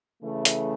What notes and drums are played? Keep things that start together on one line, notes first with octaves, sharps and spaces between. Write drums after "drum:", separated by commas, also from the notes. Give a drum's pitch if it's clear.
C#3 E3 A3
drum: hi-hat